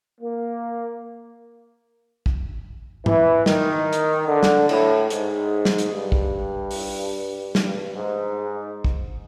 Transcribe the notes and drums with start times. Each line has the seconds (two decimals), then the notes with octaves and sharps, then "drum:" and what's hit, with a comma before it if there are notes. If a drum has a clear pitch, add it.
0.21 A#3
2.26 drum: kick
3.06 E3, drum: tom G#2
3.46 D#3, drum: snare
3.93 drum: hi-hat
4.28 D3
4.43 drum: snare
4.69 A2, drum: cymbal
5.10 G#2, drum: hi-hat
5.65 drum: snare
5.78 drum: hi-hat
5.92 G2
6.12 drum: kick
6.71 drum: open hi-hat
7.55 G2, drum: snare
7.95 G#2
8.84 drum: kick